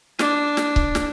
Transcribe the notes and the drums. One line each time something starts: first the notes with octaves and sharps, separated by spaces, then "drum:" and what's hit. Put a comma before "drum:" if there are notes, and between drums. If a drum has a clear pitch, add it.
D4, drum: snare
drum: snare
drum: kick C#1
drum: snare